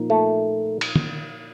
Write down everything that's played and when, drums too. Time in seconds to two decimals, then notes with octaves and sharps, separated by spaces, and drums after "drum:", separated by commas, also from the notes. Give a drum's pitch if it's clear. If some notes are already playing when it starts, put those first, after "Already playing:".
Already playing: A#2 F3 A#3 D#4
0.10 A3
0.81 drum: cymbal
0.96 drum: tom